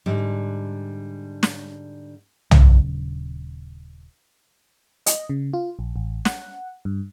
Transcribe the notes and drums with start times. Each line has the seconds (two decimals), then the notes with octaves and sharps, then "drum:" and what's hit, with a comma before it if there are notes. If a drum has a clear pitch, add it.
0.06 G#2 D3 G3
1.43 drum: snare
2.51 D#1 C#3 F#3, drum: tom
5.06 D#5, drum: hi-hat
5.29 C#3
5.53 F4
5.79 A#1
5.96 A1
6.25 F#5, drum: snare
6.85 G2